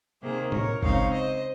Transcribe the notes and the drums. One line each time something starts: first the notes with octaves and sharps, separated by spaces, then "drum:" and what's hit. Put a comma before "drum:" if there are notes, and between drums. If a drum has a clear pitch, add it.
C3 D#3 A#3 G#4 C5
A#4 C#5, drum: tom A2
C#3 G#3 C4 D#4 C#5 F5, drum: kick G1
C5 D#5